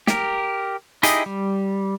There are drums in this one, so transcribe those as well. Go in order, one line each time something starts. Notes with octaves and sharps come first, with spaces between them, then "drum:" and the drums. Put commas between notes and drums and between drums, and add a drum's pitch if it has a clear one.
G4 A#4, drum: snare
D#4 E4 G4 G#4 D#5, drum: hi-hat
G3